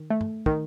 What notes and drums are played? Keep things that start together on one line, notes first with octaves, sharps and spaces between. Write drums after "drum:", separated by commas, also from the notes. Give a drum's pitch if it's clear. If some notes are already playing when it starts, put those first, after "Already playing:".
Already playing: D#3
A3
drum: tom
D#3, drum: kick